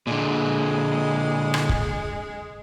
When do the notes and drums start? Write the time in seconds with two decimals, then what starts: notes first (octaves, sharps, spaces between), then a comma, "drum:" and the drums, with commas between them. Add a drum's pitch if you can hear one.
0.07 A#2 D3 G#3
1.54 drum: rim click
1.69 drum: kick